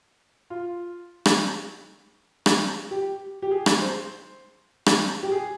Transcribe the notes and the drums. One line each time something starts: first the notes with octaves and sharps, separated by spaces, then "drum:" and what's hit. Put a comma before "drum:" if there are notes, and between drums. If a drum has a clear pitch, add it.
F4
drum: rim click
drum: rim click
G4
G4
G#4
drum: rim click
C5
drum: rim click
G4
G#4